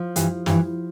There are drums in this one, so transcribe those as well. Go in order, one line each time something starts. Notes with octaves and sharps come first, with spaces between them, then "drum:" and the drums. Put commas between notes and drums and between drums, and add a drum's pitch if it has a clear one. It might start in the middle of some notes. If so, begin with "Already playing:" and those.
Already playing: F3
G2 E3, drum: hi-hat
G2 E3, drum: snare